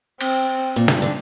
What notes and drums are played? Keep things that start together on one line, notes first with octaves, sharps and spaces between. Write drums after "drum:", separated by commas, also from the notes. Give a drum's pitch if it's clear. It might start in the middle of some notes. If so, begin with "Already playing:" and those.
C4, drum: cymbal
A#2
G2, drum: snare
D3